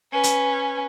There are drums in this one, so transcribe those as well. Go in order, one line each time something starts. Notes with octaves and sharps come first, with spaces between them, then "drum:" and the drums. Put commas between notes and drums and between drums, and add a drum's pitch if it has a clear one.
C#4 B4
drum: hi-hat